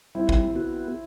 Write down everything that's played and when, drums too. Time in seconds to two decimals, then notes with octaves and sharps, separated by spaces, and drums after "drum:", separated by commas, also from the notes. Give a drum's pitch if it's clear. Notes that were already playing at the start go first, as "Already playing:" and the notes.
0.15 G3 C4 E4
0.29 drum: kick
0.55 B3 F#4